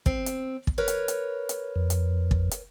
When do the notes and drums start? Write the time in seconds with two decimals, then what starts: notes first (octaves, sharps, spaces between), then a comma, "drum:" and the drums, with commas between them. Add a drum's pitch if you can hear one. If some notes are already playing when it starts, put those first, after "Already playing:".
0.06 C4, drum: kick
0.26 drum: hi-hat
0.67 drum: kick
0.78 A#4 B4 C#5
0.88 drum: hi-hat
1.08 drum: hi-hat
1.49 drum: hi-hat
1.76 F2
1.90 drum: hi-hat
2.31 drum: kick
2.51 drum: hi-hat